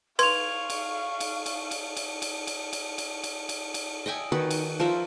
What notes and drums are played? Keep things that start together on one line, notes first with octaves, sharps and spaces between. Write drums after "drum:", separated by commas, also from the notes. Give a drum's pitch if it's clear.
B4 F5 C6 C#6 G#6 F7, drum: cymbal
drum: cymbal
drum: cymbal
drum: cymbal
drum: cymbal
drum: cymbal
drum: cymbal
drum: cymbal
drum: cymbal
drum: cymbal
drum: cymbal
drum: cymbal
drum: cymbal
D#5 E5 G5 G#5
D#3 F#4 B4 F#5
drum: cymbal
F3 A#4 C5 E5